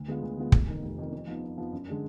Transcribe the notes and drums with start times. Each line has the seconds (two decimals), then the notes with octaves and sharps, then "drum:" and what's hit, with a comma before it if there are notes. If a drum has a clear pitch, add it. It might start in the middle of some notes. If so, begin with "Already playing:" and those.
Already playing: D2
0.08 D3 G#3 B3 F4
0.23 D2
0.37 D3 G#3 B3 F4
0.52 F1, drum: kick
0.68 F2 D#3
0.82 F1
0.98 F2 D#3
1.12 F2
1.27 F3 B3 D#4
1.43 F2
1.58 F3 B3 D#4
1.73 F#2
1.88 D3 G#3 D4